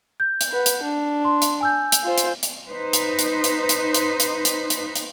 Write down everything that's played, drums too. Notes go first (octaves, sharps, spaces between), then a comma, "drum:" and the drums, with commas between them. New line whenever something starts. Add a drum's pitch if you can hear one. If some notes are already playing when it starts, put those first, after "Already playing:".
G6
drum: hi-hat
B4 F#5
drum: hi-hat
D4
C6
drum: hi-hat
G#5 E6 G6
drum: hi-hat
F4 C5
drum: hi-hat
drum: hi-hat
D#4 B4 C5
drum: hi-hat
drum: hi-hat
drum: hi-hat
drum: hi-hat
drum: hi-hat
drum: hi-hat
drum: hi-hat
drum: hi-hat
drum: hi-hat